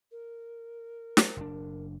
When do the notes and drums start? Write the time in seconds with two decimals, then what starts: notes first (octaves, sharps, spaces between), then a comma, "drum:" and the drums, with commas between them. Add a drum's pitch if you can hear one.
0.11 A#4
1.17 drum: snare
1.37 F#1 A#2 D4